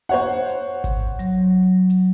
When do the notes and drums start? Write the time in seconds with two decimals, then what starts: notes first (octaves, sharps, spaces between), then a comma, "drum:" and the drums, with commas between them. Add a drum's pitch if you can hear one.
0.09 C5 C#5 F#5
0.49 drum: hi-hat
0.84 drum: kick G#1, hi-hat
1.19 F#3, drum: hi-hat
1.90 drum: hi-hat